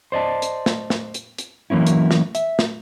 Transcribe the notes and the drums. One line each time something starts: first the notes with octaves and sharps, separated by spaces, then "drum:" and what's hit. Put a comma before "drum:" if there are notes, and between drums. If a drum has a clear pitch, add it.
C5 D5 D#5 A5
drum: hi-hat
drum: snare
drum: snare
drum: hi-hat
drum: hi-hat
E3 F#3 A#3 C#4 E4
drum: hi-hat
drum: snare
E5, drum: hi-hat
drum: snare